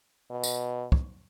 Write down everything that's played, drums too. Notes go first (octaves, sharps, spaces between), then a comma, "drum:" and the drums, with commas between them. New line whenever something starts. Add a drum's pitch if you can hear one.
B2
drum: tambourine
drum: kick